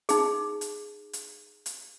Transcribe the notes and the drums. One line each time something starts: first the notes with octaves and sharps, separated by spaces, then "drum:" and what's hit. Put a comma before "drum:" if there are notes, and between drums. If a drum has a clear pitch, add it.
D#4 G#4, drum: hi-hat
drum: hi-hat
drum: hi-hat
drum: hi-hat